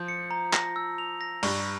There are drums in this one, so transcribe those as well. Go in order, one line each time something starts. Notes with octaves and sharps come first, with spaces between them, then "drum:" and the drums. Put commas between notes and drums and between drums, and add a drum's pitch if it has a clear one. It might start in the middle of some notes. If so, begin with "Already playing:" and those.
Already playing: F3 G6
C#7
A#5
A#6, drum: clap
E6
F7
A#6
G2 G3 C#6, drum: open hi-hat